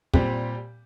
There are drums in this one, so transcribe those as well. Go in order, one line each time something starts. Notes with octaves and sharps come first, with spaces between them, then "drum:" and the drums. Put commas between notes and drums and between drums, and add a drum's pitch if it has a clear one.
A#2 G3 C4 G4, drum: kick